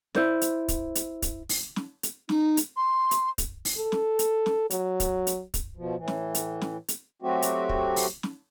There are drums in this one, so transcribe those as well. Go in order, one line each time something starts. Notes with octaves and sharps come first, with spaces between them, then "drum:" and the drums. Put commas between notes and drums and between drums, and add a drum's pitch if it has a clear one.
E4 C5 D5, drum: snare
drum: hi-hat
drum: kick, hi-hat
drum: hi-hat
drum: kick, hi-hat
drum: open hi-hat
drum: snare
drum: hi-hat
D#4, drum: snare
drum: hi-hat
C6
drum: hi-hat
drum: kick, hi-hat
drum: open hi-hat
A4
drum: snare
drum: hi-hat
drum: snare
F#3, drum: hi-hat
drum: kick, hi-hat
drum: hi-hat
drum: kick, hi-hat
B2 F3
A2 E3
drum: snare
drum: hi-hat
drum: snare
drum: hi-hat
F#3 A3 C4 F#4 G4
drum: hi-hat
drum: kick
drum: open hi-hat
drum: snare